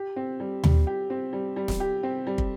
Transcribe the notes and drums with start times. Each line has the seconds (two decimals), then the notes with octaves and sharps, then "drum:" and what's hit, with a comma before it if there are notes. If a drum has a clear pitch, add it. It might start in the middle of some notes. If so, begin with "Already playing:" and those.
Already playing: G4
0.16 C4
0.40 G3
0.64 G3, drum: tom D#2
0.87 G4
1.10 C4
1.33 G3
1.56 G3
1.68 drum: snare
1.80 G4
2.03 C4
2.27 G3
2.38 drum: kick